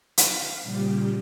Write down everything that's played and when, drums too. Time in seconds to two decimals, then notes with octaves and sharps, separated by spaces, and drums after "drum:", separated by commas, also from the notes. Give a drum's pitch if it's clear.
0.17 F5, drum: hi-hat
0.62 A#2 C#3 F3 G3 G4